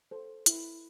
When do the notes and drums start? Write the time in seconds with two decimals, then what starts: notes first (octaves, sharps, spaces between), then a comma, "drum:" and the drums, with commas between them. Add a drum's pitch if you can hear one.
0.11 A4 C5
0.46 E4, drum: hi-hat